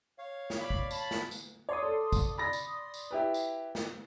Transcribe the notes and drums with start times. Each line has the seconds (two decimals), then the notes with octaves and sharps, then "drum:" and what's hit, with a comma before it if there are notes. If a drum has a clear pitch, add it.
0.18 C#5 F5
0.50 drum: snare
0.60 D5 B5
0.70 drum: kick
0.91 A5 B5, drum: tambourine
1.11 drum: snare
1.31 drum: tambourine
1.69 C#5 D5 C6 D#6
1.83 A4
2.12 drum: kick, tambourine
2.38 B5 A6 A#6
2.53 drum: tambourine
2.94 drum: tambourine
3.11 E4 G4 B4
3.34 drum: tambourine
3.75 drum: snare